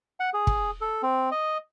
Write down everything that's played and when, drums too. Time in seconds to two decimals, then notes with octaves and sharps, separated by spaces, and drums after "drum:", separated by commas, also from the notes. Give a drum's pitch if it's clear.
0.20 F#5
0.34 G#4
0.47 drum: kick
0.81 A4
1.03 C4
1.31 D#5